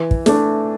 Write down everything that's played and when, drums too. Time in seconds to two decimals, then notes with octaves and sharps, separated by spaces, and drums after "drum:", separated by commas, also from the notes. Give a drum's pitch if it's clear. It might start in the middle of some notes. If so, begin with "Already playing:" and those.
Already playing: E3
0.11 drum: kick
0.26 A3 D4, drum: snare